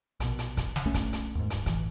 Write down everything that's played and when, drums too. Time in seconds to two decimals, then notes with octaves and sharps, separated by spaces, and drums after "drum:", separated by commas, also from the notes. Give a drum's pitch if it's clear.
0.20 A#1 B2, drum: hi-hat
0.39 drum: hi-hat
0.57 drum: kick, hi-hat
0.76 drum: snare
0.85 A#1 A3 C#4
0.94 drum: kick, hi-hat
1.13 drum: hi-hat
1.35 D#2 G#2
1.50 D1 G2, drum: hi-hat
1.66 A1 E3, drum: kick, hi-hat